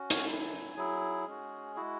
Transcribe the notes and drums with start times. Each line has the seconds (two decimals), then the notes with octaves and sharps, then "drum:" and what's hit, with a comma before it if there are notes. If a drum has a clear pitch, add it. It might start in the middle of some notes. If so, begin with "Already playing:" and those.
Already playing: C#4 F#4
0.10 G#5, drum: hi-hat
0.27 F#3 E4
0.77 F#3 E4 G#4
1.27 G#3 C#4 F#4
1.76 G#3 E4 F#4